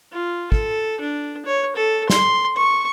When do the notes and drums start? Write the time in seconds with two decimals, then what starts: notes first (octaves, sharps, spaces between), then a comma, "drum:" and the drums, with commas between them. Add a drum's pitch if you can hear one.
0.12 F4
0.52 A4, drum: kick
1.01 D4
1.46 C#5
1.76 A4
2.10 C6, drum: snare
2.56 C#6